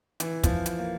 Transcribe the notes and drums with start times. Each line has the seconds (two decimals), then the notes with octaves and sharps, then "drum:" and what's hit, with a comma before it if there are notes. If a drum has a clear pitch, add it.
0.20 E3, drum: hi-hat
0.43 F3, drum: kick, hi-hat
0.66 drum: hi-hat
0.79 A#3